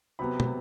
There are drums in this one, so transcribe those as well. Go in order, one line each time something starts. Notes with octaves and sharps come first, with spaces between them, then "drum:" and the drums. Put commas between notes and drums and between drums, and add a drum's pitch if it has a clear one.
C3 F#3 B3 B5
drum: tom